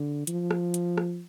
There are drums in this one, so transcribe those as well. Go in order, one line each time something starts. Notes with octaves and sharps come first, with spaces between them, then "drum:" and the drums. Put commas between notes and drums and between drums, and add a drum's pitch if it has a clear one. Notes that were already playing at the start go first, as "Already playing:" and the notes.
Already playing: D3
F3, drum: hi-hat
drum: rim click
drum: hi-hat
drum: rim click